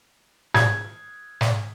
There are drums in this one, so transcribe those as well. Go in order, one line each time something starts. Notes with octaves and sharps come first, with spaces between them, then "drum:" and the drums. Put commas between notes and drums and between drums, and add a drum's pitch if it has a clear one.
G#6, drum: snare
drum: snare